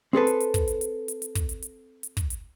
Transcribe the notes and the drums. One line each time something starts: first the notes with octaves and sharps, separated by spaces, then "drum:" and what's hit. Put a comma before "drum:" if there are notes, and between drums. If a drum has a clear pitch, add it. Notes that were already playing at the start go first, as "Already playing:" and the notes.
C4 G#4 A4 B4
drum: hi-hat
drum: hi-hat
drum: kick, hi-hat
drum: hi-hat
drum: hi-hat
drum: hi-hat
drum: hi-hat
drum: kick, hi-hat
drum: hi-hat
drum: hi-hat
drum: hi-hat
drum: kick, hi-hat
drum: hi-hat